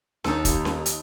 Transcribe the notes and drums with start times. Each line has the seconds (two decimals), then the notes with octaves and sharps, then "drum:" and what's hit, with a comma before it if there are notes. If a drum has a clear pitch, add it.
0.24 D#2 D#4 A4, drum: snare C#4
0.45 drum: kick, hi-hat
0.65 drum: snare C#4
0.86 drum: hi-hat